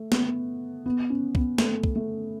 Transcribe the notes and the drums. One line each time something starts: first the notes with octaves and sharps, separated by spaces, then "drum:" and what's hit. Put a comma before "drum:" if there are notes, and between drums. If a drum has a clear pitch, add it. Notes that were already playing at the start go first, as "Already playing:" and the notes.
Already playing: A3
B3, drum: snare
B3
C#4
B3, drum: kick
A3, drum: snare
drum: kick
A3